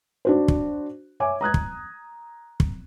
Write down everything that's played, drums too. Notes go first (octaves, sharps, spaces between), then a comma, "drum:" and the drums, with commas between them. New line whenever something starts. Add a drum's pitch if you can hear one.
D4 F#4 C5
drum: kick
C#5 E5 G#5 D6
A#5 D#6 F#6 G#6
drum: kick
drum: kick